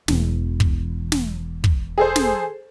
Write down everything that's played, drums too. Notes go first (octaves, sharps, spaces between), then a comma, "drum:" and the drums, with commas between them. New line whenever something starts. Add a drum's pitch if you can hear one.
E1 E2, drum: snare
drum: kick
drum: snare
drum: kick
G#4 A4 C5
drum: snare